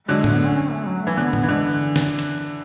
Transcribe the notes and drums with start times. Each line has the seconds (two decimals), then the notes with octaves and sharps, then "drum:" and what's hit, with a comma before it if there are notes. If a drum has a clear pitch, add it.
0.08 D3 F#3 G#3
0.24 A3, drum: tom
0.35 B3
0.45 C#4
0.55 C#4
0.71 A3
0.86 F#3
1.02 E3 A3
1.17 D3 B3
1.33 B3, drum: tom
1.43 E3
1.48 D3 G#3
1.96 drum: snare
2.19 drum: hi-hat